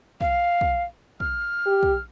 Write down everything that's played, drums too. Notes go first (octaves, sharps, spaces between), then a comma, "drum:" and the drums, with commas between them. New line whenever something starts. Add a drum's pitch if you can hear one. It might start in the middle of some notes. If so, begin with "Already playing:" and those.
F5, drum: kick
drum: kick
F6, drum: kick
G4
drum: kick